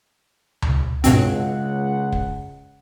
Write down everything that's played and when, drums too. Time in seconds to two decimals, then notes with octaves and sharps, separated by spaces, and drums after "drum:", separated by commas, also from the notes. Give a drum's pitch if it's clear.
0.62 drum: tom C#2
1.04 C#2 G2 B2 C4 F#5, drum: hi-hat
2.12 drum: kick